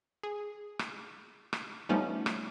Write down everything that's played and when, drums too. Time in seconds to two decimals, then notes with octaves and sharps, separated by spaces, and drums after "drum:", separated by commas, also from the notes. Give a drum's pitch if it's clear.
0.23 G#4
0.79 drum: rim click
1.53 drum: rim click
1.89 F3 G3 A3 B3 C#4 D#4
2.26 drum: rim click